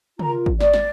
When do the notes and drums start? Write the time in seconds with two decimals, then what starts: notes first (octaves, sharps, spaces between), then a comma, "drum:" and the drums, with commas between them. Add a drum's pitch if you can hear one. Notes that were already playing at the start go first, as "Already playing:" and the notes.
0.19 F4 A#4 A#5, drum: tom
0.46 drum: kick
0.60 D5, drum: snare
0.74 drum: snare